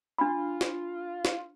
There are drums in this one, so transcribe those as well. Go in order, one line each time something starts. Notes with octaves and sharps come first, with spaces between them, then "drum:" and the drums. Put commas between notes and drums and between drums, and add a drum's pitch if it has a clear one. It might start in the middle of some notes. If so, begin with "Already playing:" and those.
D4 F4 B5
drum: snare
drum: snare